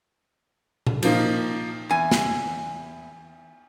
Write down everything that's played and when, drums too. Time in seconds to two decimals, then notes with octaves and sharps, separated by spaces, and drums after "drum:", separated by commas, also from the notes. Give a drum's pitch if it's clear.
0.87 drum: tom A#2
1.03 F3 A#3 D#4, drum: cymbal
1.89 E2 G#5
2.11 drum: snare